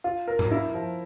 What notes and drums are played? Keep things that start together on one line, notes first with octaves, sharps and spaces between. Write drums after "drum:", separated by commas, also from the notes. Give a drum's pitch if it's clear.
F4
A#4
drum: tom G#2
E4
F3